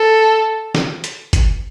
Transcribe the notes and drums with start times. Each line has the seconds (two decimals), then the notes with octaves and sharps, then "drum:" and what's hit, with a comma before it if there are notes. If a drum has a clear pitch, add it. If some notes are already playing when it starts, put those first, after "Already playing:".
Already playing: A4
0.75 drum: snare
1.04 drum: hi-hat
1.33 drum: kick, hi-hat